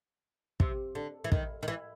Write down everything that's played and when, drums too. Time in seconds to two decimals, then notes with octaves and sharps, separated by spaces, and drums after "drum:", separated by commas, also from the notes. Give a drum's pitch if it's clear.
0.60 C3, drum: kick
0.95 D3
1.24 E3
1.32 D#3, drum: kick
1.63 D#3
1.68 E3